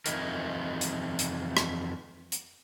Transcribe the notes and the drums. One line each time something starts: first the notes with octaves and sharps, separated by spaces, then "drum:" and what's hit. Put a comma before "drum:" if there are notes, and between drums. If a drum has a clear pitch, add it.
F2 C#3 E3 D#4 E4 A#4, drum: hi-hat
drum: hi-hat
drum: hi-hat
drum: rim click
drum: hi-hat